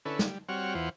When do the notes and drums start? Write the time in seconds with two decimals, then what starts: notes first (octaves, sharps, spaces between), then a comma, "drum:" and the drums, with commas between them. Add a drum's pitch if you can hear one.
0.05 D3 C#4 E4 A4 B4
0.19 G3, drum: snare
0.49 G3 C4 F#4 C#5 F#5 F6
0.75 E2 E3 F4 C5 F#5